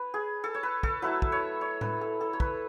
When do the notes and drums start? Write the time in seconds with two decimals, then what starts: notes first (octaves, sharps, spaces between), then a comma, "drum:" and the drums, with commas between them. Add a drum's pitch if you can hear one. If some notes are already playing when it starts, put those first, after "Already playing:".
Already playing: B4 C#5
0.14 G#4
0.44 A4
0.55 C#5
0.63 B4
0.83 A4, drum: kick
1.02 F#3 A3 E4 B4
1.22 drum: kick
1.32 C#5
1.61 C#5
1.81 B4, drum: tom A2
2.01 A4
2.21 A4
2.33 C#5
2.40 B4, drum: kick